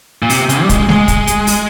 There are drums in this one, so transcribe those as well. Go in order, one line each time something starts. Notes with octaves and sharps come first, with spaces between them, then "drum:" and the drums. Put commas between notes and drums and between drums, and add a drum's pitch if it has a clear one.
A#2
C3, drum: open hi-hat
C#3, drum: hi-hat
G3
G#3, drum: kick, hi-hat
G#3, drum: snare G#3
drum: kick, hi-hat
drum: hi-hat
drum: open hi-hat